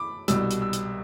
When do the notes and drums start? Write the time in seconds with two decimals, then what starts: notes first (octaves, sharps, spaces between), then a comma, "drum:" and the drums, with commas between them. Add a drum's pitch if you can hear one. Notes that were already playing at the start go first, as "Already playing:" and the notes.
Already playing: B5 D6
0.28 C2 B2 G3 E6, drum: hi-hat
0.51 drum: hi-hat
0.62 E6
0.73 drum: hi-hat